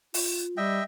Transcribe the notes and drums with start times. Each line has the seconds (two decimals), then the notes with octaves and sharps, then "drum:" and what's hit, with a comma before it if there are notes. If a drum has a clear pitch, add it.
0.14 F4, drum: open hi-hat
0.57 G3 D#5 E5 G5